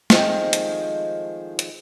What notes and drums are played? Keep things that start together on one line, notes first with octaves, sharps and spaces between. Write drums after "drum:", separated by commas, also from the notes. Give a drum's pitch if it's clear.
D#3 F3 G#3 A3 C4, drum: snare
drum: hi-hat
drum: hi-hat